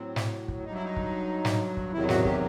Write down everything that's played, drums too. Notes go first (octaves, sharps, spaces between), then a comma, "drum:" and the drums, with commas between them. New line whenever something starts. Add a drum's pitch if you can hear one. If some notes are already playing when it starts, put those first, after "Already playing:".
Already playing: A2 F#3 C4
drum: snare
drum: kick
G2 F#3 D#4
E4
D#4
drum: kick
drum: snare
drum: kick
E2 C3 D#3 F#3 E4
F#4, drum: snare
G4, drum: kick